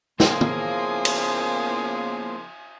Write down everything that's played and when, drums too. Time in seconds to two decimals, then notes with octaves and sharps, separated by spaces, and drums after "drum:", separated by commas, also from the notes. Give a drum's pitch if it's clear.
0.20 C#3 F3 A#3 B3 E4 G#5 C6 D#6, drum: snare
0.41 drum: tom
1.05 drum: cymbal